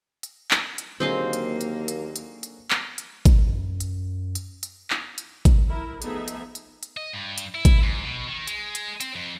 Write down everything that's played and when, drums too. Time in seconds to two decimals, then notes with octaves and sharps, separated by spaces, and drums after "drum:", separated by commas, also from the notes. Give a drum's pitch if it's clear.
0.23 drum: hi-hat
0.51 drum: clap
0.78 drum: hi-hat
1.00 D#2 D3 F#3 A#3 C4 G#4 D#5 F5
1.33 drum: hi-hat
1.61 drum: hi-hat
1.88 drum: hi-hat
2.16 drum: hi-hat
2.43 drum: hi-hat
2.71 drum: clap
2.98 drum: hi-hat
3.25 drum: kick G#1, hi-hat
3.47 F#2
3.80 drum: hi-hat
4.35 drum: hi-hat
4.63 drum: hi-hat
4.90 drum: clap
5.18 drum: hi-hat
5.45 drum: kick G#1, hi-hat
5.70 E4 A#4
6.02 F3 A3 B3 D#4 G#4 E5, drum: hi-hat
6.28 drum: hi-hat
6.55 drum: hi-hat
6.83 drum: hi-hat
6.97 D#5
7.13 G2
7.38 drum: hi-hat
7.55 E4
7.65 drum: kick G#1, hi-hat
7.83 G#2
8.04 B2
8.27 D#3
8.47 G#3, drum: hi-hat
8.75 drum: hi-hat
9.00 C4, drum: hi-hat
9.15 F2